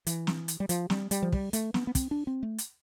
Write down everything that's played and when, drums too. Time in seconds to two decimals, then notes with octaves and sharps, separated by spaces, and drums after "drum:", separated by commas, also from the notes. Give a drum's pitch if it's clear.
0.07 E3, drum: hi-hat
0.27 drum: snare
0.48 drum: hi-hat
0.60 G3
0.69 F3, drum: hi-hat
0.90 G3, drum: snare
1.11 G3, drum: hi-hat
1.22 F3
1.32 G3, drum: kick
1.53 A3, drum: hi-hat
1.74 B3, drum: snare
1.87 B3
1.95 C4, drum: kick, hi-hat
2.11 D4
2.27 C4
2.43 A3
2.58 drum: hi-hat